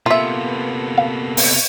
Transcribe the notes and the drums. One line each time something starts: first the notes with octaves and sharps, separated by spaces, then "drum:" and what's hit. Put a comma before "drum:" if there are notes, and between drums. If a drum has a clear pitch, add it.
C3 A#3 B3 F4 A4 B4 E5
F5
drum: open hi-hat